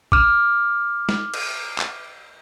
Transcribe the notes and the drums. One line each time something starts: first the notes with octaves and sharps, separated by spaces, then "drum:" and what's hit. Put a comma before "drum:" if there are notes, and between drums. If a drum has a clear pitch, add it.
D6 F6, drum: kick A1
drum: snare
drum: cymbal
drum: clap